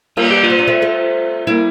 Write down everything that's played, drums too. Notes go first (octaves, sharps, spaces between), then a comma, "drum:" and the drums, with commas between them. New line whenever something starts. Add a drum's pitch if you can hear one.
G3 A#3 F4, drum: cymbal
G4
F4
C4
D4
A3 C4
A3 C4
G3 A#3 E4